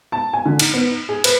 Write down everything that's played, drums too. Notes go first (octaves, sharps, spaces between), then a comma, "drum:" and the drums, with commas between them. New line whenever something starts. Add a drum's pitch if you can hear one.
A5
G#5
D3
D#4, drum: cymbal
B3
D#4
G#4
B4, drum: cymbal